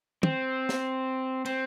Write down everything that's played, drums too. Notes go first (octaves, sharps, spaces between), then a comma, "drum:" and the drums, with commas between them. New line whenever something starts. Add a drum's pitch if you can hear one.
C4, drum: tom
drum: snare
C4, drum: cymbal